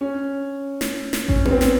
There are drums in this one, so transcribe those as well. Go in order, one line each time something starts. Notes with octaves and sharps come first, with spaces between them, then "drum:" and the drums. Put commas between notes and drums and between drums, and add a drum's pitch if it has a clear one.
C#4
drum: snare
drum: snare
C#4, drum: kick A1
B3, drum: tom B3
C4
drum: snare